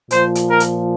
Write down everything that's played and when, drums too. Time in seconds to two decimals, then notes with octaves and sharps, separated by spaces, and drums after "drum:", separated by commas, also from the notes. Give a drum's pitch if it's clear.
0.11 A#2 F3 C5, drum: hi-hat
0.35 drum: hi-hat
0.47 A#4
0.60 drum: hi-hat